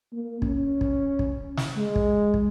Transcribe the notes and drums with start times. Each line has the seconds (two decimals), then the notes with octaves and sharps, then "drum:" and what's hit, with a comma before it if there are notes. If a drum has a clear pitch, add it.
0.13 A#3
0.42 C#4, drum: kick
0.81 drum: kick
1.19 drum: kick
1.57 drum: snare
1.76 G#3
1.96 drum: kick
2.34 drum: kick